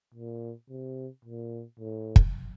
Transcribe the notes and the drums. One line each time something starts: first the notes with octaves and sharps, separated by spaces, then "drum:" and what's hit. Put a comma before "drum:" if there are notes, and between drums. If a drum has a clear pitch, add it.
A#2
C3
A#2
A2
drum: kick